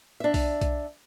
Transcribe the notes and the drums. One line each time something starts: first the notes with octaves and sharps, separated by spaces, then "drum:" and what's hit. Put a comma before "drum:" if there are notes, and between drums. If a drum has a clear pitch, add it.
D4 E5
drum: kick B1, open hi-hat
drum: kick B1, hi-hat